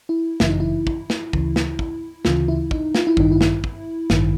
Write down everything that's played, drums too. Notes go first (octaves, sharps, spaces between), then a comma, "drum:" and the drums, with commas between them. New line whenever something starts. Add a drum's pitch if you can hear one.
E4
G1 F#2 C#3 E3 E4, drum: snare
D#4
E4
drum: kick
drum: snare
D2 C#3 E3, drum: kick
drum: snare
drum: kick
D2 C#3 E3 F4, drum: snare
E4
D#4, drum: kick
F4, drum: snare
E4
A1 G2 D#3 D#4, drum: kick
E4
drum: snare
drum: kick
A1 G2 D#3, drum: snare